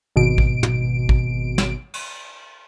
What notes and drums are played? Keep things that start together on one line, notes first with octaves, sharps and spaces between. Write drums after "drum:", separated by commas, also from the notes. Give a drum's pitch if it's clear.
G#1 B2 D7
drum: kick A1
drum: tom
drum: kick A1
drum: snare
drum: cymbal